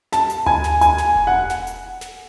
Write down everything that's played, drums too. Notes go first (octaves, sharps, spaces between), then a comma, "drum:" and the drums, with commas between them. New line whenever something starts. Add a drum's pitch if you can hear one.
A5, drum: snare
drum: hi-hat
G#5, drum: tom D2
drum: snare
G#5, drum: hi-hat
drum: snare
drum: kick E1
F#5
drum: snare
drum: hi-hat
drum: snare